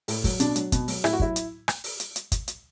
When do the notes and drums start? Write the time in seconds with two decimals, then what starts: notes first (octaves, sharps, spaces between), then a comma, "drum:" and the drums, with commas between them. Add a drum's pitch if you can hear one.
0.08 A2, drum: open hi-hat
0.24 F#3, drum: kick, open hi-hat
0.40 B2 D4, drum: hi-hat
0.56 F#3, drum: hi-hat
0.72 B2, drum: kick, hi-hat
0.88 F#3, drum: open hi-hat
1.04 A2 E4, drum: rim click
1.13 F#4
1.20 F#3 E4, drum: kick
1.36 drum: hi-hat
1.68 drum: rim click
1.84 drum: open hi-hat
2.00 drum: hi-hat
2.16 drum: hi-hat
2.32 drum: kick, hi-hat
2.48 drum: hi-hat